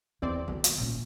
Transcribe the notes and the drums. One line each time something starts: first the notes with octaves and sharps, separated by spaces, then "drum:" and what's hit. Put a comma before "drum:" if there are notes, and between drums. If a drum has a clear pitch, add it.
E2 E3 C4 D5
B1 D#3
drum: hi-hat
A#2 C#4